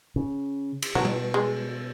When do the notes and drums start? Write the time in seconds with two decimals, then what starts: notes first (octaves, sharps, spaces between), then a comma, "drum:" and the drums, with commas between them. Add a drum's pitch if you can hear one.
0.16 C#3
0.82 drum: cymbal
0.95 B2 F#3
1.05 drum: tom G3
1.34 G#3